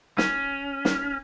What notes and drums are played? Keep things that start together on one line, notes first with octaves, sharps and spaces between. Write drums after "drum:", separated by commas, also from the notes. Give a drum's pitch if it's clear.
C#4, drum: snare
drum: snare